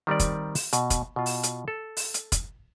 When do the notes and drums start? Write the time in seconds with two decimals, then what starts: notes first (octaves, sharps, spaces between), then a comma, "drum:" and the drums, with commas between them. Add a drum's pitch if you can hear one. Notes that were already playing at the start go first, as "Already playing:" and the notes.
0.07 D#3 G3 C4 D5
0.20 drum: kick, hi-hat
0.55 drum: open hi-hat
0.73 B2, drum: hi-hat
0.90 drum: kick, hi-hat
1.16 B2 F4
1.26 drum: open hi-hat
1.43 drum: hi-hat
1.68 A4
1.97 drum: open hi-hat
2.14 drum: hi-hat
2.32 drum: kick, hi-hat